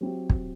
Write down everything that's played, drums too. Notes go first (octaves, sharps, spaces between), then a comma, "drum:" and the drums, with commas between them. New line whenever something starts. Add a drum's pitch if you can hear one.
F#3 C4 E4 G4
drum: kick